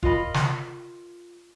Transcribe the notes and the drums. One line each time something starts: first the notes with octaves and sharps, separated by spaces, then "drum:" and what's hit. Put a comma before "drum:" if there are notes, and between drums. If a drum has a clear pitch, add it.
F4 A#4 D#5 B5, drum: kick F1
drum: snare